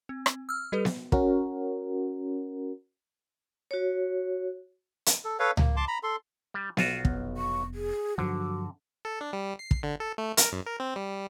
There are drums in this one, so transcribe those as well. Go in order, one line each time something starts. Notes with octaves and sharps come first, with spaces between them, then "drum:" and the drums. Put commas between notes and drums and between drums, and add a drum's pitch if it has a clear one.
C4
drum: rim click
E6 F6
G3 G4 A4 B4
drum: snare B3
C#4 F#4 A#4, drum: kick
F#4 C#5
drum: hi-hat
A4
A4 B4 C#5 F5
A#3, drum: tom C#2
A5 C6 D6
A#5 B5
A4 C6
G3
B1 F4 F#4, drum: snare B3
F1 B3, drum: kick
C#6
G#4
G2 D3 F3 F#3 F#4
A4
D4
G3
C7
drum: kick
D3
A4
A3
A#4, drum: hi-hat
F#2
A#4
C4
G3